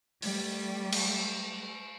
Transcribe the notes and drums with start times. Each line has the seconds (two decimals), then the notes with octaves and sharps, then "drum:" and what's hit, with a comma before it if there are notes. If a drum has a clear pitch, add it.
0.22 G3 A3, drum: open hi-hat
0.92 drum: cymbal